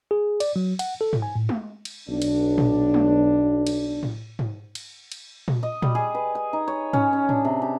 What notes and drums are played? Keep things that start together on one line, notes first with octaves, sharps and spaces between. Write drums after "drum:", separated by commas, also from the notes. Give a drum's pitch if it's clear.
G#4
D5, drum: cymbal
F#3
F#5, drum: cymbal
A4
drum: tom G#2
G#5
A2
drum: tom G#3
drum: cymbal
B1 D4
drum: cymbal
drum: tom A#2
drum: tom G#3
drum: cymbal
drum: tom A2
drum: tom G#2
drum: cymbal
drum: cymbal
drum: tom A#2
D#5
G3, drum: tom A#2
G#4
B4
G#5
D#4
C#5
C#4, drum: tom G#2
C#4
D4, drum: tom A2
C3
G4